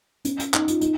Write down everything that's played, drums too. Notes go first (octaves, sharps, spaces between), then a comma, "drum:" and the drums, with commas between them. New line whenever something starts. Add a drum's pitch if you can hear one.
C#4, drum: hi-hat
drum: hi-hat
D#4, drum: clap
F4, drum: hi-hat
D#4, drum: hi-hat